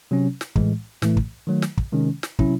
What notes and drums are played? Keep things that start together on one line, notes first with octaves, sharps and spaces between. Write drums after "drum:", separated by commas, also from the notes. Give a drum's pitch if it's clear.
C3 F#3 C#4
drum: snare
A2 E3 G#3, drum: kick
A2 E3 A3, drum: snare
drum: kick
D#3 F#3 A3
drum: snare
drum: kick
C3 D#3 G#3 C#4
drum: snare
C3 F#3 C#4 E4, drum: kick